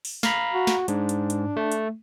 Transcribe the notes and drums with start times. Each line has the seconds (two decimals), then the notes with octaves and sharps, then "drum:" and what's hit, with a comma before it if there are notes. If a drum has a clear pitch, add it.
0.05 drum: open hi-hat
0.23 F5 A#5 B5, drum: snare
0.54 F#4
0.67 drum: snare
0.88 G#2 D4, drum: hi-hat
1.09 drum: hi-hat
1.30 drum: hi-hat
1.57 A3
1.72 drum: hi-hat